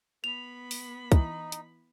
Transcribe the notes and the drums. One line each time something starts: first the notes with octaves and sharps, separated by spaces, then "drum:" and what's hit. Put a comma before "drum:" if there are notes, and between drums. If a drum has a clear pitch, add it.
B3 B5 F7
drum: open hi-hat
E3 D#4, drum: kick, hi-hat
drum: hi-hat